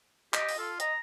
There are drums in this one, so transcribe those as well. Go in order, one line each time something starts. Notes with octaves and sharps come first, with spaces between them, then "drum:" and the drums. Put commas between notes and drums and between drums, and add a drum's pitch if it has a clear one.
G4 D#5, drum: clap
drum: open hi-hat
F4 A4
D#5 A#5, drum: hi-hat